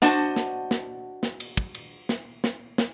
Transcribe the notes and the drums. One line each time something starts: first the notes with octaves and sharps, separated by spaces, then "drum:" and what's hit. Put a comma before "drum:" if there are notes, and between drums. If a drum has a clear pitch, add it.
D4 F#4 C5 D#5 F#5 A5, drum: snare
drum: snare
drum: snare
drum: snare
drum: cymbal
drum: kick
drum: cymbal
drum: snare
drum: snare
drum: snare